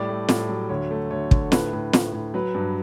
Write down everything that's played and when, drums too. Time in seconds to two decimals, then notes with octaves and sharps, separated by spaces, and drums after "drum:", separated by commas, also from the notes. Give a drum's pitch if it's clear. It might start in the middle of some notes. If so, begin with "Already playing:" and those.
Already playing: A2 G3 D5
0.09 A3
0.29 A2, drum: snare
0.49 F#3
0.69 D2 C#5
0.91 A3
1.11 D2 C#5
1.31 D3, drum: kick
1.52 A2 B4, drum: snare
1.73 A2
1.93 A2, drum: snare
2.13 A2
2.34 F#3 B4
2.55 G2